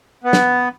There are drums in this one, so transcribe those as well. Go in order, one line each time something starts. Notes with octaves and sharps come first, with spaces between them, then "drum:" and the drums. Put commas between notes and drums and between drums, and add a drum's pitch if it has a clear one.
B3
drum: snare